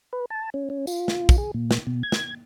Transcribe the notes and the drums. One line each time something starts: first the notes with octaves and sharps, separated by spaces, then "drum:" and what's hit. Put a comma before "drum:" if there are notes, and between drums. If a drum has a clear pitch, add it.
B4
A5
C#4
C#4
F4, drum: tambourine
drum: snare
drum: kick, tambourine
G#4
A#2
drum: snare
B2
G#6
drum: snare